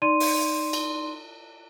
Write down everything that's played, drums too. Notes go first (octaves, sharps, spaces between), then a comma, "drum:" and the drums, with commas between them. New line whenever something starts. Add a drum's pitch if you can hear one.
D#4 D5 C6 D#7
drum: open hi-hat
drum: cymbal